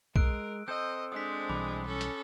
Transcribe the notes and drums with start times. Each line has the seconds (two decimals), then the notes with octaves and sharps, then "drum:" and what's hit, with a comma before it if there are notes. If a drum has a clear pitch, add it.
0.16 G#3 A#4 E6 F#6 D7, drum: kick
0.68 C4 A4 C5 D#5 E6 G6
1.12 G#3 D4 D#6 F#6 B6
1.49 B1 E3 G3 B5 D6 F#6
1.86 C#4 A4
2.01 drum: hi-hat